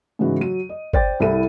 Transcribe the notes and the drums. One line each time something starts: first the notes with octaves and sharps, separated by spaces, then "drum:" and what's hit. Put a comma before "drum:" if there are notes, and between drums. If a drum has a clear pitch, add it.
G#2 C#3 E3 F#4
F#3 D#7
D#5
C5 D5 G5 A6, drum: kick
C2 G3 E4 A4 D#7